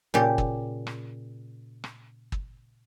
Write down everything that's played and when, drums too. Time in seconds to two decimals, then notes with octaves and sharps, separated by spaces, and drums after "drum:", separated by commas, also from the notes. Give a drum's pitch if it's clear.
0.14 A#2 C#3 G4
0.38 drum: kick
0.87 drum: rim click
1.84 drum: rim click
2.32 drum: kick